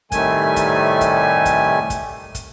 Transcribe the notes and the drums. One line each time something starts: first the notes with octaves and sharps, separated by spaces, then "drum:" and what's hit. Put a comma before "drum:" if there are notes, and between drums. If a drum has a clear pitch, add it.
A2 C3 D#3 G3 A3 G#5, drum: kick, hi-hat
drum: kick, hi-hat
drum: kick, hi-hat
drum: kick, hi-hat
drum: kick, hi-hat
drum: kick, hi-hat